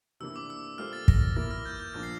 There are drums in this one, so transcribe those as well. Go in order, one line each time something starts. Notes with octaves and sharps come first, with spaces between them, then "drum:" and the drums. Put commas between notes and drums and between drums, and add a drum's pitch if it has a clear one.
C3 E3 A#3 D4 E6
D6
E6
G3 A#3 F4 A4 C5 F6
A6
A#6, drum: kick
E3 A#3 E4 A#4 A6
F6
G6
G6
A#2 F3 A#3 D4 A6
C7